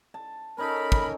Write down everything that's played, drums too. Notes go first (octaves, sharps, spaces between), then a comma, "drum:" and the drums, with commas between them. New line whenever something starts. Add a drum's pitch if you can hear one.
A5
C#4 D#4 A4 A#4 B5
drum: kick